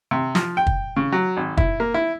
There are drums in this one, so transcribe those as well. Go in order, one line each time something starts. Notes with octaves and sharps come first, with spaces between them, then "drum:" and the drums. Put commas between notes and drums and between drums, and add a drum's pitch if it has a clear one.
C3
F3, drum: snare
G5
drum: kick
C#3
F#3
G#1
E4, drum: kick
A#3
E4